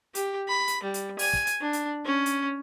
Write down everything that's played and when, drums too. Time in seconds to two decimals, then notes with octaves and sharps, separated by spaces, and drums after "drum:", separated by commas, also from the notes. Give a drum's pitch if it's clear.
0.15 G4, drum: hi-hat
0.48 B5
0.68 drum: hi-hat
0.83 G3
0.94 drum: hi-hat
1.19 G#5, drum: open hi-hat
1.34 drum: kick
1.47 drum: hi-hat
1.61 D4
1.73 drum: hi-hat
2.05 C#4
2.26 drum: hi-hat